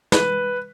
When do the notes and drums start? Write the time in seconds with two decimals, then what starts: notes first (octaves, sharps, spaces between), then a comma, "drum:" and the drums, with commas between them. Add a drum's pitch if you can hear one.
0.12 B4, drum: snare